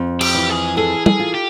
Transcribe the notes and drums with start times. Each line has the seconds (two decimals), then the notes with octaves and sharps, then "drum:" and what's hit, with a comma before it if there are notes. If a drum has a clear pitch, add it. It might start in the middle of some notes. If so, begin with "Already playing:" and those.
Already playing: F2
0.21 G4, drum: cymbal
0.35 E3
0.49 G#4
0.77 G#4 A4
1.06 G#4, drum: tom
1.20 F4
1.34 G4